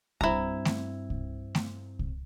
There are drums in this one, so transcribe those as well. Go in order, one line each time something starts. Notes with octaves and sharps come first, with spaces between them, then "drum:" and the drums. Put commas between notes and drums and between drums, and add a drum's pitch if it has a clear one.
G2 C4 E4 A#5, drum: kick C2
drum: snare A3
drum: kick C2
drum: snare A3
drum: kick C2